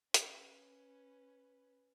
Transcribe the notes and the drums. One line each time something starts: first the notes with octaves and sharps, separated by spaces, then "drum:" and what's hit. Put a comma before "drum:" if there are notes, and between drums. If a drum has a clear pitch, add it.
C#4 B4, drum: hi-hat